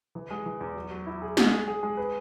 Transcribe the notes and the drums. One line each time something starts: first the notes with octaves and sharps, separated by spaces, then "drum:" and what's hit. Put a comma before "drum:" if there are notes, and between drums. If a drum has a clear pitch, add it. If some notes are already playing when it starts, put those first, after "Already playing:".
E3
G#3
E3
E2
F#3
F#3
E4
G#4
G#3, drum: snare
G#4
G#4
G#3
B4